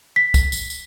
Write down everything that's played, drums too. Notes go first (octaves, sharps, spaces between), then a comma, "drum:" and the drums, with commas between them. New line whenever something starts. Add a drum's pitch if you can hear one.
B6
drum: kick C2, tambourine
drum: tambourine
drum: tambourine